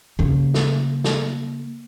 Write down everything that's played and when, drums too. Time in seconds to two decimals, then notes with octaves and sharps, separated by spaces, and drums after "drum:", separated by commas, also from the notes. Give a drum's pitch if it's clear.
0.19 C#3 A#3
0.54 drum: snare
1.04 drum: snare